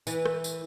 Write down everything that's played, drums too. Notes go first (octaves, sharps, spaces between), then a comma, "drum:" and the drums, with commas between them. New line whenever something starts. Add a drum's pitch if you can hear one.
E3, drum: tambourine
drum: rim click
drum: tambourine